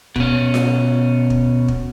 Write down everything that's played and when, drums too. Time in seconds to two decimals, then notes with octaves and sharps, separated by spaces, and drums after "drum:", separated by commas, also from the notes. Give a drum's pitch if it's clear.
0.16 B2 C#4, drum: kick
0.54 drum: snare F4
1.30 drum: kick
1.68 drum: kick